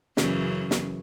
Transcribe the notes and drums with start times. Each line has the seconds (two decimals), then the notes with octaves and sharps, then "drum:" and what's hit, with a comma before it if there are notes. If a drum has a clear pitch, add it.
0.17 F#2 C#3 E3, drum: snare
0.71 drum: snare